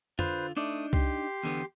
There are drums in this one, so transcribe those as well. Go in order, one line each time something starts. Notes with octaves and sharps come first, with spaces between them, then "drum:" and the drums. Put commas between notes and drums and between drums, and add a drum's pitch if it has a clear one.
D3 F4 B4 C5, drum: tom
A3 D4 D#4 D5 D#6
G4 C6, drum: kick C2
E2 D3 B3